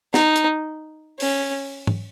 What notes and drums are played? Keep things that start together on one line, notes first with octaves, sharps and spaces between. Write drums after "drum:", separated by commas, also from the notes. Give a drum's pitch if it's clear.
D#4, drum: snare
drum: hi-hat
C#4, drum: open hi-hat
drum: tom